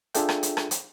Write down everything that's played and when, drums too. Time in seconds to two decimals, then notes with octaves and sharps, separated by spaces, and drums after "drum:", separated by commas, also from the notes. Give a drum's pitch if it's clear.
0.14 D4 F4 G#4 A4 E5 G5, drum: hi-hat
0.29 drum: rim click
0.43 drum: hi-hat
0.57 drum: rim click
0.71 drum: hi-hat